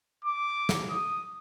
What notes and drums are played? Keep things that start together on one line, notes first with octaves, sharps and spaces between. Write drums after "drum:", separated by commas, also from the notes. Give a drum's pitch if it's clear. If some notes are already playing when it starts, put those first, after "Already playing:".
D6
drum: snare
D#6